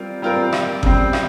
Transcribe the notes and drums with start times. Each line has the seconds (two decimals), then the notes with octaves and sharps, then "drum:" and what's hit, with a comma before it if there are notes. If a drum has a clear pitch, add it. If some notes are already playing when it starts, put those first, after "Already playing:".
Already playing: G3 C4 F4 A#4
0.22 G3 C4 F4 A#4
0.53 drum: rim click
0.83 C#3 G3 C4, drum: kick G1
1.13 drum: rim click